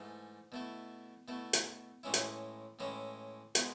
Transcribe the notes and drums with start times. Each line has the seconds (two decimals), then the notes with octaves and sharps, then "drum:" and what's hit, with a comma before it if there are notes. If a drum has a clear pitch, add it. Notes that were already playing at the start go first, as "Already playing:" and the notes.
Already playing: G#2 E3 A3
0.52 B2 A3 E4
1.28 B2 A3 E4
1.53 drum: hi-hat
2.03 A2 E3 G#3 C#4 E4
2.14 drum: hi-hat
2.79 A2 E3 G#3 C#4 E4
3.55 B2 G#3, drum: hi-hat